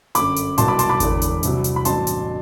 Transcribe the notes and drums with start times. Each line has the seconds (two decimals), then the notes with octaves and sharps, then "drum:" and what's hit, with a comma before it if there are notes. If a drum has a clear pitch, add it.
0.15 G1 F#2 D3 B5 D6, drum: hi-hat
0.36 drum: hi-hat
0.58 C2 B2 F#3 A5 C6, drum: hi-hat
0.68 B5 D6
0.79 A5 C6, drum: hi-hat
0.89 B5 D6
1.00 E1 E2 D3, drum: kick G#1, hi-hat
1.22 drum: hi-hat
1.43 C2 C3 F#3, drum: hi-hat
1.64 drum: hi-hat
1.76 B5
1.85 A1 G2 F#3 C4 A5 C6, drum: hi-hat
2.07 drum: hi-hat